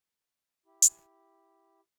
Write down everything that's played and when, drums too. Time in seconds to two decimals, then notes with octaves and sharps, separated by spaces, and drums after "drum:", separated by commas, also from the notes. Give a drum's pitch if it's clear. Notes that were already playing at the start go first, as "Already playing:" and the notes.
0.66 E4 G4
0.82 drum: hi-hat